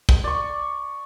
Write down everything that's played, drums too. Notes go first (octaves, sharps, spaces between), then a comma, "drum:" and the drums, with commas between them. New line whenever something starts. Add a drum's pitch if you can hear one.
drum: kick
D5 C#6